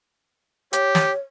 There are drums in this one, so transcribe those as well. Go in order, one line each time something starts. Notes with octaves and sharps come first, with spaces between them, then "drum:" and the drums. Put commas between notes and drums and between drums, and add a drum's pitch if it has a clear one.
G4 C#5, drum: hi-hat
drum: snare